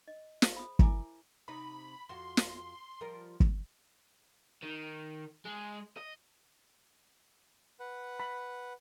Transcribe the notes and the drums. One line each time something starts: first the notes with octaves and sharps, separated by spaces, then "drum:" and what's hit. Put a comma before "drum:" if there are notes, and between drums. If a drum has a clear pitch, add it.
D#5
G#4 C5, drum: snare
B5 D#6
E4 A#4 E5 G#5 D6, drum: kick
C3 D#4 B5
F2 F#4 C6
drum: snare
F3 G3 A#4
drum: kick
D#3
G#3
D#5
B4 F#5
B5